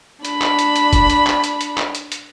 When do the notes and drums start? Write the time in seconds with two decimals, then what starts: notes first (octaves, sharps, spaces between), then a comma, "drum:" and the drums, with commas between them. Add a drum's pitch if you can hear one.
0.25 D4 B5, drum: hi-hat
0.42 drum: clap
0.59 drum: hi-hat
0.76 drum: hi-hat
0.93 drum: kick, hi-hat
1.10 drum: hi-hat
1.27 drum: clap
1.44 drum: hi-hat
1.61 drum: hi-hat
1.78 drum: clap
1.95 drum: hi-hat
2.12 drum: hi-hat